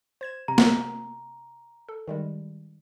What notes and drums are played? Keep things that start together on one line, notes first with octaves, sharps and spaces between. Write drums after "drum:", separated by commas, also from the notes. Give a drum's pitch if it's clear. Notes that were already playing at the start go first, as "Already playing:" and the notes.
C5 G#6 E7
C3 A#5
drum: snare
A4
D#3 G3 G#3